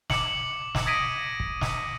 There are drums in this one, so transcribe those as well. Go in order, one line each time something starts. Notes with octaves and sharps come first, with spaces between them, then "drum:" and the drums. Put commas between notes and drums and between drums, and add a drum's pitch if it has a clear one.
D6 C#7 F#7, drum: snare
drum: snare
D#6 G#6 A#6 B6 D7 D#7
drum: kick
drum: snare